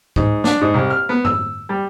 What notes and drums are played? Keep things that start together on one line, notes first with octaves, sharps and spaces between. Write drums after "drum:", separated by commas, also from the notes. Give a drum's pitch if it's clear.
G#2, drum: kick C#2
D4, drum: snare
G#2
C2
F6
B3
E6, drum: tom F#2
G3